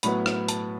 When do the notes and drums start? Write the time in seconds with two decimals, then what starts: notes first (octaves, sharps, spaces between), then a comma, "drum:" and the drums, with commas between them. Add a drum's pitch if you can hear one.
0.03 A2 F#3 B3 B5, drum: hi-hat
0.26 drum: rim click
0.48 A5, drum: hi-hat